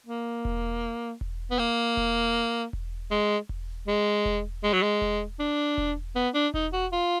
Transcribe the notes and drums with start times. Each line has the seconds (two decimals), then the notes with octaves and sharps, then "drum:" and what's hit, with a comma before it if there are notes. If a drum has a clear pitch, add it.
0.06 A#3
0.45 drum: kick E1
1.21 drum: kick E1
1.51 B3
1.59 A#3
1.97 drum: kick E1
2.73 drum: kick E1
3.11 G#3
3.49 drum: kick E1
3.88 G#3
4.25 drum: kick E1
4.63 G#3
4.73 F#3
4.82 G#3
5.01 drum: kick E1
5.40 D4
5.78 drum: kick E1
6.15 B3
6.34 D4
6.54 D#4, drum: kick E1
6.73 F#4
6.92 F4